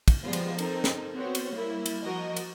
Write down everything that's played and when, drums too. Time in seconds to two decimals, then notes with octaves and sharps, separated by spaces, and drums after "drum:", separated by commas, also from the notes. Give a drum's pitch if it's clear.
0.08 drum: kick, cymbal
0.23 F3 G3 G#3 B3 F4
0.33 drum: cymbal
0.59 C4 D#4 A4 A#4, drum: cymbal
0.84 drum: snare
1.14 B3 C4 F#4 C5 C#5
1.35 drum: cymbal
1.54 G3 A#3 E4
1.86 drum: cymbal
2.02 F3 F#4 A#4 D#5
2.37 drum: cymbal